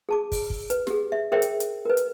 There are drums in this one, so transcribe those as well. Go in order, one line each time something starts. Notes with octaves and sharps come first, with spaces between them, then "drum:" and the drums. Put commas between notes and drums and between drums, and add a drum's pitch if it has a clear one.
G#4 A5 D6
drum: kick, open hi-hat
drum: kick
B4, drum: hi-hat
G4 G#4, drum: snare
E5
G#4 A#4 C5 C#5 E5 G5
drum: hi-hat
drum: hi-hat
A#4 B4
drum: hi-hat